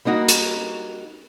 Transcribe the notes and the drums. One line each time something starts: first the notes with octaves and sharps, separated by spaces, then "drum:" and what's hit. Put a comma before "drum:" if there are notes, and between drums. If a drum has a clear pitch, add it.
G3 A#3 D#4 F#4
drum: hi-hat